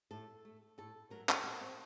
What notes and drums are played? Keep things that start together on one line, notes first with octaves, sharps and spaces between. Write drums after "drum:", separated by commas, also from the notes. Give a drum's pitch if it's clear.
A2 A4
A3
A2 A4
F#3 A3 A#4
A#4, drum: clap
A#2 A4
C4